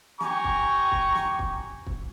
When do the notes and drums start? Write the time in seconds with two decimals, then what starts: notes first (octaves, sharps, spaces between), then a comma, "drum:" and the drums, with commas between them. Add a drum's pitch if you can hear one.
0.21 G4 G#5 A#5 C#6, drum: snare
0.44 drum: kick
0.92 drum: kick
1.15 drum: snare
1.39 drum: kick
1.86 drum: kick